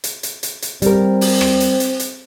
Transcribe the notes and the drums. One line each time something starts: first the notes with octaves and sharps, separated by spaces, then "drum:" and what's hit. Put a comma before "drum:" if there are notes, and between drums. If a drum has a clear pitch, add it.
drum: hi-hat
drum: hi-hat
drum: hi-hat
drum: hi-hat
G3 C4 A#4, drum: hi-hat
drum: open hi-hat
drum: rim click
drum: hi-hat
drum: hi-hat
drum: hi-hat